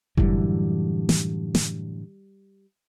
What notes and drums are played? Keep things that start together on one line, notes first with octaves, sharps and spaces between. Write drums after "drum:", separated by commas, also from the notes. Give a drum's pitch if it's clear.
F#2 A2 D3 E3 F#3 G3, drum: kick F#1
drum: snare
drum: snare